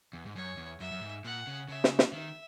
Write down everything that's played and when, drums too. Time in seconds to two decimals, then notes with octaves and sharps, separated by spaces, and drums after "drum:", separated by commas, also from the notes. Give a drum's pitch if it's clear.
0.13 E2
0.26 G#2
0.36 F#2 C#5
0.57 E2
0.80 F#2 E5
0.92 F#2
1.02 G#2
1.24 A#2 F#5
1.47 C#3
1.69 C#3 E5
1.84 drum: snare
1.99 drum: snare
2.13 D#3 E5